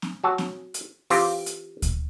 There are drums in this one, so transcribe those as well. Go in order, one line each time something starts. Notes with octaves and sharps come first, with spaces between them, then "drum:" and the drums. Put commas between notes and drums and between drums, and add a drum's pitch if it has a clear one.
drum: snare C4
F#3 F#4 A5
drum: snare C4
drum: hi-hat
E3 C4 F4 G4, drum: open hi-hat
drum: hi-hat
drum: kick D2, hi-hat